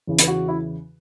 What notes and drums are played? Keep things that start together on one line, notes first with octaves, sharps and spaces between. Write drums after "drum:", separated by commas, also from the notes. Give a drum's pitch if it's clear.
E2 C#3 E3
E4, drum: hi-hat
F#4
E4